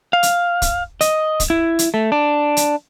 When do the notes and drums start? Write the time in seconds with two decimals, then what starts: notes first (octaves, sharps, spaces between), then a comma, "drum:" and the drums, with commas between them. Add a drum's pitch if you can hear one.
0.13 F5
0.23 drum: hi-hat
0.62 drum: kick, hi-hat
1.01 D#5, drum: hi-hat
1.40 drum: kick, hi-hat
1.50 E4
1.79 drum: hi-hat
1.94 A3
2.12 D4
2.57 drum: hi-hat